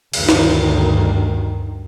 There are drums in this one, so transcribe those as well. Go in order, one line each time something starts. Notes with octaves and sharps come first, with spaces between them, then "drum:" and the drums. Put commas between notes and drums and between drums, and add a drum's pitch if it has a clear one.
D2 G2 D#3, drum: cymbal
drum: snare